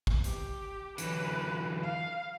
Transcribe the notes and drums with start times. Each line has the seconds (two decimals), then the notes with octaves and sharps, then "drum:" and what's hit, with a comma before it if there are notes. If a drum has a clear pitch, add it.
0.07 drum: kick
0.24 G4, drum: hi-hat
0.98 D3 E3 F#3 B4, drum: hi-hat
1.83 F5